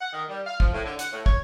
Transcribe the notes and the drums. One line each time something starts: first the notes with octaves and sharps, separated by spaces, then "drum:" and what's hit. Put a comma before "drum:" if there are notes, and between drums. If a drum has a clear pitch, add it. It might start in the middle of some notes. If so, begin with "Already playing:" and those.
F#5
D#3
G3
F5
F3, drum: kick
A2
D3
F#5, drum: hi-hat
A2
C#5, drum: kick